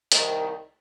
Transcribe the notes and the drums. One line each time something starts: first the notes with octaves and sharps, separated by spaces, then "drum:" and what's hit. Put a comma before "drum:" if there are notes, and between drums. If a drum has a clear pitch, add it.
C2 D#3, drum: hi-hat